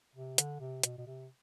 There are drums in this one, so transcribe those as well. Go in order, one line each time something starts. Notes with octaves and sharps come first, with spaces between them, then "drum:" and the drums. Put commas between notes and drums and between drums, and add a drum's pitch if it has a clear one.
C3
D3, drum: hi-hat
C3
B2, drum: hi-hat
B2
C3